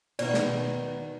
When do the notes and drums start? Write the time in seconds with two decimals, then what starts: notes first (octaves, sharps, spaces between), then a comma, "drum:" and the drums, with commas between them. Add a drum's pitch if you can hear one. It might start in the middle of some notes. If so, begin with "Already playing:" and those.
0.19 B2 D#3 D5, drum: cymbal
0.34 drum: snare